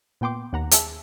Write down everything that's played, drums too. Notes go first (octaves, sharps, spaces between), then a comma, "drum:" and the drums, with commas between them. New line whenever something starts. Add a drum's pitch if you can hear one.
A#2 B3 G5 C6 D6
D#2 F#5 A#5
G#4 E5 A5 E6, drum: hi-hat